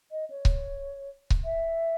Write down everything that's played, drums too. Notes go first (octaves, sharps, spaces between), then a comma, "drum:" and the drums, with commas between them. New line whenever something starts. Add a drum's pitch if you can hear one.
D#5
C#5
drum: kick C#1
drum: kick C#1
E5